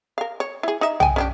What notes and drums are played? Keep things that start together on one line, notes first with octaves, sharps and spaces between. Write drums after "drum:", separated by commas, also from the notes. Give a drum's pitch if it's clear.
A#4 F5
C#5
E4 G#4
D#4 E5
G5 G#5, drum: tom
C#4 D4 G4